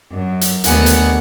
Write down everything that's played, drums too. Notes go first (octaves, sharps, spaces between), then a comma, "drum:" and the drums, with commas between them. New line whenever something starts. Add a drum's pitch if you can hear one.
F#2
drum: hi-hat
D#2 D3 A3 B3 F#5 G#5, drum: hi-hat
drum: hi-hat